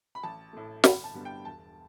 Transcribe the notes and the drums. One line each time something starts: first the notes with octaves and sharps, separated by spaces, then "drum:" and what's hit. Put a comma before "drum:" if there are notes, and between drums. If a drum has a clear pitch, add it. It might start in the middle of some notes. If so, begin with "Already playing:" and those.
B5
A1 A5
A2 A3
G1 B5, drum: snare
A5
G2 D3 G3 B3
G5
E1 A5